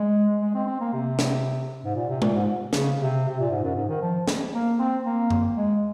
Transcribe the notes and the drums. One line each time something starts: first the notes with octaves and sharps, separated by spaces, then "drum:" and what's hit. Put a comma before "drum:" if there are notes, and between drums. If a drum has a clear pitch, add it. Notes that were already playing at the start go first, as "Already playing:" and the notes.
Already playing: G#3
G#3
C4
C4
A#3
C3
drum: snare
G#2
A#2
C3
A#2, drum: tom
G#2
C#3, drum: snare
C3
C3
A#2
G#2
F#2
G#2
D#3
F3
drum: snare
A#3
C4
A#3
drum: tom F#2
G#3